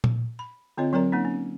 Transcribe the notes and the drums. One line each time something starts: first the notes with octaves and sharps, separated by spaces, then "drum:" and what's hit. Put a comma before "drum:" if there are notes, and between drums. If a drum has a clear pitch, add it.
drum: tom A#2
B5
D3 C4 F4 C#5 D#5
F#3 C4 A#4 D5 A#5
A#3 C#4 D#4
C#4